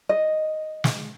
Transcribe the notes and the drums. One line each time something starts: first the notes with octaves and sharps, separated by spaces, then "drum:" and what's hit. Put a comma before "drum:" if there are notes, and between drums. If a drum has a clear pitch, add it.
D#5
drum: snare